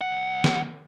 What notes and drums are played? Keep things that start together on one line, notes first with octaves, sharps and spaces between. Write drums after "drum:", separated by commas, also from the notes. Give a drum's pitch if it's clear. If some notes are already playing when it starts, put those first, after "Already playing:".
C2 F#5
drum: snare